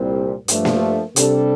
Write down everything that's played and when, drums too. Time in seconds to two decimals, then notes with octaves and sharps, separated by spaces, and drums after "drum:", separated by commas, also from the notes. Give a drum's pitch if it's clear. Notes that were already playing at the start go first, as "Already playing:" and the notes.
Already playing: C2 A#2 G3 C4
0.48 G2 F3 A3 D4, drum: hi-hat
0.65 drum: snare A#3
1.16 C3 G3 D4 A4, drum: hi-hat